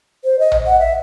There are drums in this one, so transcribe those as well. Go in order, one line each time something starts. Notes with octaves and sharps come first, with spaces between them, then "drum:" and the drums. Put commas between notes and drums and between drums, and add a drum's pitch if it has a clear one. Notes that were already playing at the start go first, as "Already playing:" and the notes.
C5
D#5
drum: tom A#1
F#5
E5